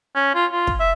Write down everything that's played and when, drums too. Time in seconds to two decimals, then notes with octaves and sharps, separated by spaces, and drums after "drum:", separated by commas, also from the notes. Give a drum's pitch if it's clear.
0.15 C#4
0.35 F4
0.52 F4
0.67 drum: kick
0.80 E5